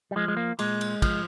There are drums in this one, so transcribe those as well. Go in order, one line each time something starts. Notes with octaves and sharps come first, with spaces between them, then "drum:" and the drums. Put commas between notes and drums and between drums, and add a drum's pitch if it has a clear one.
G3
F3 G#3
G#3
A#3
A#2 G#3, drum: cymbal
drum: cymbal
F3, drum: kick, cymbal